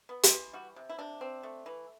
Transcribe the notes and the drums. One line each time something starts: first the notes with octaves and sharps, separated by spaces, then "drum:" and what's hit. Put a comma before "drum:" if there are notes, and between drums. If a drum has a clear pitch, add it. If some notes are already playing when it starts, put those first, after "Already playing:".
B3
E4, drum: hi-hat
E3
G3 F#4
C3
E4
C3 D4
C4
A3
E3